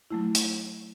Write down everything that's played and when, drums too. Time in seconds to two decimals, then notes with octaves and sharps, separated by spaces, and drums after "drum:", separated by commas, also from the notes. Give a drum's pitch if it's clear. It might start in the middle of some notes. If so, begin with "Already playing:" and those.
0.10 F#3 A3 E4
0.35 drum: hi-hat